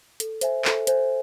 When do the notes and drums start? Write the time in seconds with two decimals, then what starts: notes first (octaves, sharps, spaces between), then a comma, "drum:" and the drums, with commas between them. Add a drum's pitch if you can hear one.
0.20 A4, drum: hi-hat
0.41 C5 E5 G#5, drum: hi-hat
0.65 A4, drum: clap
0.87 C5 E5 G#5, drum: hi-hat